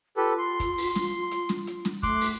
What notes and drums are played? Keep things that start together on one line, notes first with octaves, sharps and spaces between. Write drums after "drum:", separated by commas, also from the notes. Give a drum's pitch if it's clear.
F4 G4 A4 B4
C6
drum: kick, hi-hat
drum: open hi-hat
drum: snare
drum: hi-hat
drum: snare
drum: hi-hat
drum: snare
A3 C6 D6 F#6, drum: kick, hi-hat
drum: open hi-hat